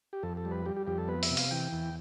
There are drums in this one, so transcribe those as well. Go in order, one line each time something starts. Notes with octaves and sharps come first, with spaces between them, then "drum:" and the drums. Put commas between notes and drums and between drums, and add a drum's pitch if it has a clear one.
G4
F2 A4
A4
G3
B4
G3 G4
G4
F2 G4
A4
B3 B4
E5, drum: open hi-hat
C3
F5, drum: open hi-hat
E3 G5
E2